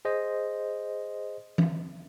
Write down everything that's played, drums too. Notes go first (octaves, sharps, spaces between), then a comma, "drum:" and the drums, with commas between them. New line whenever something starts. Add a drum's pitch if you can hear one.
G#4 C5 D#5
drum: tom E3